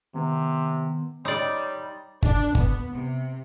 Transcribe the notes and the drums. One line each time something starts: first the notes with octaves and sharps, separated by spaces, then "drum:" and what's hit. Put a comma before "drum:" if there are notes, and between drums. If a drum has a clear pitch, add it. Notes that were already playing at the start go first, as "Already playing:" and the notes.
C3 D#3 B3
G3 D#4 C#5 D5 C6 D6
D4, drum: kick G1
B3, drum: kick G1
C3